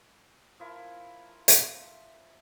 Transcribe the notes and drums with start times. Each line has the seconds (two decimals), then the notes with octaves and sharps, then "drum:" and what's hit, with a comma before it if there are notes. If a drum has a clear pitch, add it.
0.60 F3 E4 A#4
1.48 drum: hi-hat